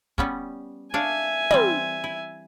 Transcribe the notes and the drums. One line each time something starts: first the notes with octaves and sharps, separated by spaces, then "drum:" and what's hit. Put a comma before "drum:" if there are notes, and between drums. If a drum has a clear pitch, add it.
G3 B3 C#4, drum: kick
D4 C#5 E5 F5 G#5
E3 G3 C4, drum: tom
E4